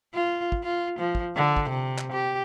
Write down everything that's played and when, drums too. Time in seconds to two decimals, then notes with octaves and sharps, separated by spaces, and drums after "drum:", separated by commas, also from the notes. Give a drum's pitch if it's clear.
0.14 F4
0.52 drum: kick
0.63 F4
0.99 F3
1.15 drum: kick
1.36 D3
1.57 drum: kick
1.69 C3
1.98 drum: clap
2.12 G4